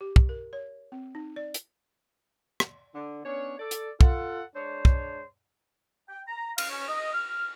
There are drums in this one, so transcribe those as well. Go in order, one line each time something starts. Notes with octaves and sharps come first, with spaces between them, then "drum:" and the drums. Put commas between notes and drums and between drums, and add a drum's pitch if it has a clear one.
G4
drum: kick
A#4
C#5
C4
D#4
D5
drum: hi-hat
drum: rim click
D3
B3 C#4 D4 C#5
A4 D5
drum: hi-hat
F4 A4 F#5, drum: kick
G#3 D4 C5 C#5
drum: kick
G5
A#5
F5, drum: cymbal
C#4
D#5
F6